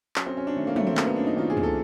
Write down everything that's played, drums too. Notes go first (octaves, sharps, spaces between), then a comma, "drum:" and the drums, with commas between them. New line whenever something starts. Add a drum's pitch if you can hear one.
F#3 C#4, drum: clap
C4
F#2 C#4
D4
D#3 A3
A#3
F#2 A3, drum: tom
C4
F#3 A#3, drum: clap
B3
F#2 D4
D#4
D#3 F4
G#4
F#2, drum: tom
A4